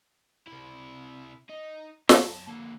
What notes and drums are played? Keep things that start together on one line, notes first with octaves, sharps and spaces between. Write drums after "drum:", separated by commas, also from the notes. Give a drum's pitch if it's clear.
C3 E4
D#4
F#2 A5, drum: snare
D3 A#3